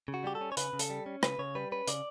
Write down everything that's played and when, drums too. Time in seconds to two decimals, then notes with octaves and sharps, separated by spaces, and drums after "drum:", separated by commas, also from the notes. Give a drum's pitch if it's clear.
0.08 C#3
0.14 F#4
0.24 G3 G4
0.35 A4
0.41 C#4
0.52 C#5
0.57 C#3 B4, drum: hi-hat
0.73 C#3
0.79 A4, drum: hi-hat
0.90 G3
1.06 C#4
1.23 C#3 B4, drum: rim click
1.39 C#3 C#5
1.55 G3 B4
1.72 C#4 B4
1.88 C#3 D5, drum: hi-hat